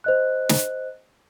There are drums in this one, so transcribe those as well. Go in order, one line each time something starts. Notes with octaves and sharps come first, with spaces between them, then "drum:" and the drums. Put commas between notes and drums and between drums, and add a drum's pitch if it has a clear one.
C5 D#5 F#6
drum: snare